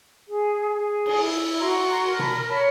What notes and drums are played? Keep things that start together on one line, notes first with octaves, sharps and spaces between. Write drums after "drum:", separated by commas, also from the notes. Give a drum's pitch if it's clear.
G#4
G#4
drum: cymbal
E4
F#4 A#5 C6
A#5 C6
A#4
A5 B5, drum: tom B2
C#5 A5 B5